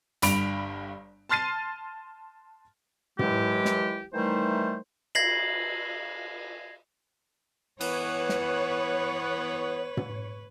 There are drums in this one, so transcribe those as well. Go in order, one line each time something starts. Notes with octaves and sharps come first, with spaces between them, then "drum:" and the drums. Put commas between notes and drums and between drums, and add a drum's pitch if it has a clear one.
G1 G2 B5 D7 F7, drum: hi-hat
A5 C6 F6 A6 C7 D#7
D#2 E3 F#3 G#3 E4 G4, drum: tom
drum: snare
D#3 E3 G3 A3 D#4 C5
G#6 A#6 C7 F#7, drum: cymbal
E3 B3 B4 C#5, drum: cymbal
drum: snare
drum: tom